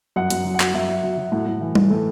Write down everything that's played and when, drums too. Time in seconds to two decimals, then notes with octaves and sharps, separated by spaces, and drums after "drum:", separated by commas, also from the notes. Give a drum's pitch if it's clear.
0.16 F#2 F#5
0.30 F#2, drum: hi-hat
0.45 F#3
0.54 F#5
0.60 F#3, drum: clap
0.74 F#2 E5
0.89 F#2
1.03 F#3
1.18 F#3
1.32 A2 F#5
1.46 A2
1.61 E3
1.75 E3, drum: tom G3
1.90 A2 A4